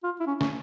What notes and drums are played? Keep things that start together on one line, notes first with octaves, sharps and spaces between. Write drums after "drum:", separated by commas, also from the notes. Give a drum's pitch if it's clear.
F4
E4
C#4
C#4, drum: snare